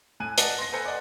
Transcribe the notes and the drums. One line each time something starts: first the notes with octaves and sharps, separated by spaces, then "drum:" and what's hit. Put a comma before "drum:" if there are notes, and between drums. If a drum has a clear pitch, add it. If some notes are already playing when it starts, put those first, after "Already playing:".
A2 G#5 F#6 D#7
D5 D#5 F#5 A5, drum: hi-hat
C6 A#6
A4 B4 C5 G#5 C#7
D5 D#5 F#5